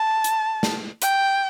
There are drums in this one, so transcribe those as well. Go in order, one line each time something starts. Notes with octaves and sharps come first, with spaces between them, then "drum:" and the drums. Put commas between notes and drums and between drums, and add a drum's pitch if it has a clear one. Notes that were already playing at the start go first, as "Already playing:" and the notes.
Already playing: A5
drum: hi-hat
drum: snare
G5, drum: hi-hat